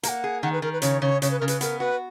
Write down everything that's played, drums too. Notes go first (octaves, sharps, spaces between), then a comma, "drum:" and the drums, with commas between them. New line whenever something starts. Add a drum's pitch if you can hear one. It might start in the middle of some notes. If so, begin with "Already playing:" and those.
A#3 A#5, drum: hi-hat
F#5
G#4
D#3 F#5
B4
D#3 A#4
B4
C#3 C#5, drum: hi-hat
C#3 C#5
C#3 C#5, drum: hi-hat
B4
C#3 A#4
B4, drum: hi-hat
B3 A#4, drum: hi-hat
F#4 B4